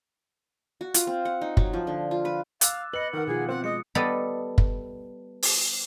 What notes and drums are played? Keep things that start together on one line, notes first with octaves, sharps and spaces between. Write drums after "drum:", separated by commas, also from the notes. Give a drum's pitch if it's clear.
F#4
F4, drum: hi-hat
C4
F#5
D#4
F#3, drum: kick F#1
F3
D3
F4
B4
F5 D6 E6 F#6 A6, drum: hi-hat
B4 D#5 F#6 C#7 F#7
D#3 A#4 F#5
B2 F3 F4 G#4
C4 F#5
G#3 D#5 D#6 C#7
G3 B3 A4 D5 D#5
drum: kick F#1
drum: open hi-hat